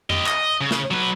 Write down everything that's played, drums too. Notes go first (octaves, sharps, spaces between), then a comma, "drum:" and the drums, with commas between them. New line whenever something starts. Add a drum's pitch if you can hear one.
G4 D#5, drum: tom F2
D#5, drum: clap
C#3
drum: snare
F#3 B4